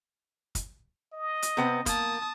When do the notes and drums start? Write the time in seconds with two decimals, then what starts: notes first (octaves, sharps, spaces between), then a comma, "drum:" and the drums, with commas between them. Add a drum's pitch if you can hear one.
0.55 drum: kick, hi-hat
1.13 D#5
1.42 drum: hi-hat
1.57 C3 B3 C4
1.86 A#3 A5 D#6, drum: kick, hi-hat